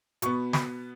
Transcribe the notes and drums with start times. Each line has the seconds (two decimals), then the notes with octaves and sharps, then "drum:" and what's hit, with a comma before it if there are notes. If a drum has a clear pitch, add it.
0.22 B2 B3 C#6, drum: hi-hat
0.53 B5, drum: snare